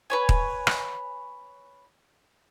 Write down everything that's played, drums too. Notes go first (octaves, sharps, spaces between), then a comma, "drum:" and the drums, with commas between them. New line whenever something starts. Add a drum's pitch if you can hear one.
B4 C#5 G#5
drum: kick D#1
drum: rim click